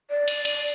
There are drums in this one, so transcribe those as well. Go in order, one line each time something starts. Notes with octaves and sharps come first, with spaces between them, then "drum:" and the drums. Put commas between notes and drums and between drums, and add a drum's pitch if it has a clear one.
D5
drum: cymbal
drum: cymbal